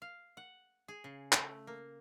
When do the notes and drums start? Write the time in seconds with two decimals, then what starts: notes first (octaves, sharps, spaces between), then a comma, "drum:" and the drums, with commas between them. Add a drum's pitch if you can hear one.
0.02 F5
0.37 F#5
0.88 G#4
1.04 C#3
1.32 A3, drum: clap
1.67 A#3